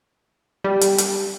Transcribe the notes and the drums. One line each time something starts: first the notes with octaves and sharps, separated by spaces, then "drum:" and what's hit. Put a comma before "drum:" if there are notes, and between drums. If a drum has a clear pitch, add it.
G3
drum: hi-hat
drum: hi-hat